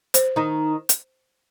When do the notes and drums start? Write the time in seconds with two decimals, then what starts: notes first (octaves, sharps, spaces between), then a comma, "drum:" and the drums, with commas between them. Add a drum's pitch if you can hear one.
0.14 C5, drum: hi-hat
0.36 D#3 D#4
0.89 drum: hi-hat